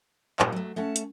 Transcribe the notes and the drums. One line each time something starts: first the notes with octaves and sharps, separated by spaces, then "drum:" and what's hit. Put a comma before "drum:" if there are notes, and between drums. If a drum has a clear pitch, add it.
A#2 G3 D#4, drum: clap
F#3 A3
A3 C#4 F#5 A5
drum: hi-hat